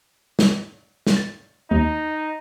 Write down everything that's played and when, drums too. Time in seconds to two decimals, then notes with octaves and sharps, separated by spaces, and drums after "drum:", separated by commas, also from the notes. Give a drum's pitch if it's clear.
0.39 drum: snare
1.07 drum: snare
1.17 A6
1.71 D#2 D#4